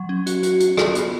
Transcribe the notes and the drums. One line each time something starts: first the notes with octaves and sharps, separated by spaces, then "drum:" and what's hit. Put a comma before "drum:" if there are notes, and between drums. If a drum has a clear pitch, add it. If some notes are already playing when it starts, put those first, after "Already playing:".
Already playing: F#3
C#4
F#4, drum: hi-hat
F#4, drum: hi-hat
F#4, drum: hi-hat
F4, drum: rim click
B3, drum: hi-hat